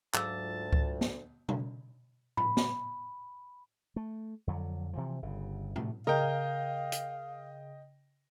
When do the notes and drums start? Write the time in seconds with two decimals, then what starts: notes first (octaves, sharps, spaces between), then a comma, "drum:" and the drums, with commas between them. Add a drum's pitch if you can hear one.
0.14 D2 G#2 F#3 F4 G#4 F5 A5 E6, drum: clap
0.73 drum: kick C#2
1.01 drum: snare
1.49 drum: tom B2
2.37 B5, drum: tom A2
2.57 drum: snare
3.96 A3
4.47 F2 D3 F#3
4.93 C3 E3 F3
5.22 G1 C#3
5.76 C3 A3, drum: tom A2
6.07 C#3 A#4 D#5 F5 G5
6.92 drum: hi-hat